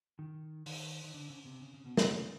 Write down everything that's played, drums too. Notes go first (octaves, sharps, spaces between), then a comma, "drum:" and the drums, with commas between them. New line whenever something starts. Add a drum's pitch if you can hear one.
D#3
D#3, drum: open hi-hat
D#3
D3
C#3
C3
C#3
C#3
B2
C3, drum: snare
C#3